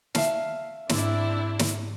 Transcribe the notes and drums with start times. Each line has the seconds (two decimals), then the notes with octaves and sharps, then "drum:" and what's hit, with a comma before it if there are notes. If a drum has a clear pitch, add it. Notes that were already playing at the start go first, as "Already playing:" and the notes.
0.15 E5 F5 A5, drum: snare
0.89 G#2 C4 D4 E4, drum: snare
1.59 drum: snare